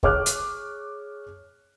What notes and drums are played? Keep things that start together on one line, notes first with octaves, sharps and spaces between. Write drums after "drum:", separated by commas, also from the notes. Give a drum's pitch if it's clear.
G#4 C#5 D6 F6 F#6, drum: kick
drum: hi-hat